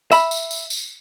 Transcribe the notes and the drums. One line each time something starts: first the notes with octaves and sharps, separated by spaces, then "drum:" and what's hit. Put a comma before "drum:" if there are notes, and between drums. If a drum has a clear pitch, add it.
E5 B5, drum: tambourine
drum: tambourine
drum: tambourine
drum: tambourine